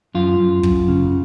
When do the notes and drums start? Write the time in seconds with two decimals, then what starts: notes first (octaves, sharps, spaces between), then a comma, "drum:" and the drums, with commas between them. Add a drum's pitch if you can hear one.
0.15 F#2 F4
0.39 F#2
0.63 F#2, drum: kick
0.88 C#3